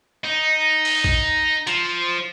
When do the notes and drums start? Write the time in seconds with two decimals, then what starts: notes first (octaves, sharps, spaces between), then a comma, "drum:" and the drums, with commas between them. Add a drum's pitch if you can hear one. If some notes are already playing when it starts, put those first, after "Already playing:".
0.24 D#4
0.85 drum: open hi-hat
1.04 drum: kick A1
1.67 F3, drum: hi-hat